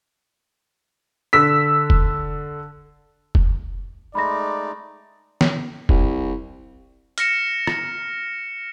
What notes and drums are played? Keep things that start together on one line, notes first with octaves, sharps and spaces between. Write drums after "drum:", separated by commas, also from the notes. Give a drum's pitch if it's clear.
D3 E6 B6
drum: kick F1
drum: kick F1
G#3 A3 D#4 D5 B5 C6 A#6
drum: snare
C2, drum: kick F1
F6 A#6 C#7 E7, drum: hi-hat
drum: rim click